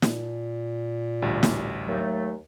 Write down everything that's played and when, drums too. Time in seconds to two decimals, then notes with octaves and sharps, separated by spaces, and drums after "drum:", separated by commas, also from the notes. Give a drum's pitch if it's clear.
0.02 A#2, drum: snare
1.22 A1 D2 G3
1.43 drum: snare
1.88 D#2 F#3 A3